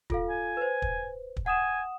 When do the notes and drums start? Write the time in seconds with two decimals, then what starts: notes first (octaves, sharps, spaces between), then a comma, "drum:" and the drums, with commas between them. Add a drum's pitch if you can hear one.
0.10 F4 A4 F5, drum: kick
0.29 G#5
0.57 B4 C5
0.82 drum: kick
1.36 drum: kick
1.46 F#5 G#5 D#6 E7